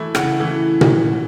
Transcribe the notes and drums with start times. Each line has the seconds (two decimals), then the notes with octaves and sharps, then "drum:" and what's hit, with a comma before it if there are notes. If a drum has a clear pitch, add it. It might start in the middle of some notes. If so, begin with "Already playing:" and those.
Already playing: E3 A3 E4
0.15 C#3 F#5, drum: rim click
0.40 E3 A3 E4
0.81 drum: tom A#2